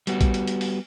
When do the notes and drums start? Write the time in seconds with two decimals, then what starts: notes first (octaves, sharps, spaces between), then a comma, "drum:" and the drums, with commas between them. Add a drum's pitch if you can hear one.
0.07 G3 B3 F#4, drum: hi-hat
0.21 drum: kick, hi-hat
0.34 drum: hi-hat
0.47 drum: hi-hat
0.61 drum: open hi-hat